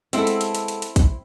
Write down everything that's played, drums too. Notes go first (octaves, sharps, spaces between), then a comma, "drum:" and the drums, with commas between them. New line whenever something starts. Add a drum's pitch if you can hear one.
G#3 B3 C4 E4 A4, drum: hi-hat
drum: hi-hat
drum: hi-hat
drum: hi-hat
drum: hi-hat
drum: hi-hat
drum: kick, hi-hat